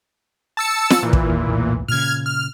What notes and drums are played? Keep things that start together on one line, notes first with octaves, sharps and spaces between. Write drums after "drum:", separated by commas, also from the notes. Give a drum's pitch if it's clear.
A5 E6 C#7
drum: snare
A#2 E3
drum: kick
D#2
B1 E2 A2
A#2 C#3 F6 G#6
F6